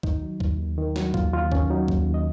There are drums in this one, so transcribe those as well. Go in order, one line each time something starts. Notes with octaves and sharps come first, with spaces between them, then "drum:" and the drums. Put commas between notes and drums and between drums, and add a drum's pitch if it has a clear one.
D#3 D#4, drum: kick C#2
F#3
D#2, drum: kick C#2
D#2
D#3
F#3, drum: snare
D#2 F4, drum: kick C#2
D#2 F4
D#3 C#4, drum: kick C#2
F#3 D#4
D#2, drum: kick C#2
D#2
D#5